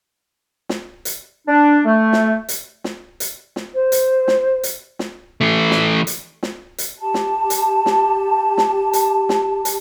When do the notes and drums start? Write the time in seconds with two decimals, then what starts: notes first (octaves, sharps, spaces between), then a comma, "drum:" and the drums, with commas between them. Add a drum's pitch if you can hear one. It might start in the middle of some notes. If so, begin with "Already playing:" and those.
0.69 drum: snare
1.05 drum: hi-hat
1.47 D4
1.85 A3
2.13 drum: snare
2.49 drum: hi-hat
2.84 drum: snare
3.20 drum: hi-hat
3.56 drum: snare
3.74 C5
3.92 drum: hi-hat
4.28 drum: snare
4.63 drum: hi-hat
4.99 drum: snare
5.41 E3 A3
5.71 drum: snare
6.07 drum: hi-hat
6.43 drum: snare
6.78 drum: hi-hat
7.00 G4 A5
7.14 drum: snare
7.50 drum: hi-hat
7.86 drum: snare
8.58 drum: snare
8.93 drum: hi-hat
9.29 drum: snare
9.65 drum: hi-hat